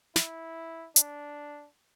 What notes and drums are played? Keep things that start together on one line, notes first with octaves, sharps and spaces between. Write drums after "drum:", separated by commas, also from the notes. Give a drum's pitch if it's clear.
E4, drum: snare
D4, drum: hi-hat